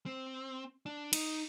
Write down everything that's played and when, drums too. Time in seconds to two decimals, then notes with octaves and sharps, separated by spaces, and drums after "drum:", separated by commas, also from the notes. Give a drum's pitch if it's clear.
0.06 C4
0.86 D4
1.13 D#4, drum: cymbal